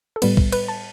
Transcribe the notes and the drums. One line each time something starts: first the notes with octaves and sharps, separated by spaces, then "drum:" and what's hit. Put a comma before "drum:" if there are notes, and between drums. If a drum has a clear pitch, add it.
A4
A2 G3 B3 B4, drum: cymbal
drum: kick
B4, drum: cymbal
A5